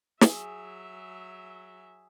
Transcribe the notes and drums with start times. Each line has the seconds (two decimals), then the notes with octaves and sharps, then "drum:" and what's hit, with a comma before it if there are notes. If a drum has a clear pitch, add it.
0.21 F#3 G#4 E5, drum: snare